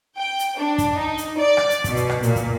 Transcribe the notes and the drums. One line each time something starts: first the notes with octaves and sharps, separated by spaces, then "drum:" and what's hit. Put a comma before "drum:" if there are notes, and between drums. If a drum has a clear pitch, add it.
G5
drum: hi-hat
D4
drum: kick, hi-hat
D#4
drum: hi-hat
D5
drum: rim click
drum: hi-hat
B2, drum: kick, hi-hat
drum: hi-hat
drum: rim click
A#2, drum: hi-hat
drum: kick, hi-hat